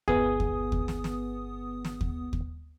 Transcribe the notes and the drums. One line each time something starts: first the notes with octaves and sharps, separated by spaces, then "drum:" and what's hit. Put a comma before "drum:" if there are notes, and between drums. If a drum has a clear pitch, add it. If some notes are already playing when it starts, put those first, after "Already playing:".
G1 B3 G#4 D#6, drum: kick
drum: kick
drum: kick
drum: snare
drum: snare
drum: snare
drum: kick
drum: kick